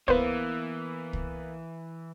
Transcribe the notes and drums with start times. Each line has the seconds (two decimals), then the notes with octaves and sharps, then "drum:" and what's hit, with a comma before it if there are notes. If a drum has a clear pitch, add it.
0.08 E3 A#3 B3 B4 C5, drum: kick
1.13 drum: kick